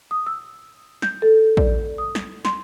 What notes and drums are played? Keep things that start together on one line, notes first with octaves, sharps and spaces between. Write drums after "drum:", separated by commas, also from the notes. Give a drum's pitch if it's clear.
D#6
E6
G6, drum: snare
A4
D5, drum: kick
D#6
drum: snare
C6, drum: snare